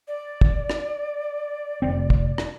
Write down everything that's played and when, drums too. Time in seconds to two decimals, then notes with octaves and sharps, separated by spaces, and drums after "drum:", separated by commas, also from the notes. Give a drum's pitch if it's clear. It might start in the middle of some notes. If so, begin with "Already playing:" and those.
0.08 D5
0.41 drum: kick
0.70 drum: rim click
1.82 F1 C4
2.10 drum: kick
2.38 drum: rim click